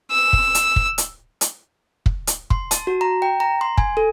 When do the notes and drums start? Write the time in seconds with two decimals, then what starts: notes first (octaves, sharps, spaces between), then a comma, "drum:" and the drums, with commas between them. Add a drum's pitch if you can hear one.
0.11 E6
0.33 drum: kick
0.55 drum: hi-hat
0.76 drum: kick
0.98 drum: hi-hat
1.41 drum: hi-hat
2.06 drum: kick
2.27 drum: hi-hat
2.50 C6, drum: kick
2.71 A5, drum: hi-hat
2.87 F#4
3.01 A#5
3.22 G5
3.40 A#5
3.61 C6
3.78 G#5, drum: kick
3.97 A4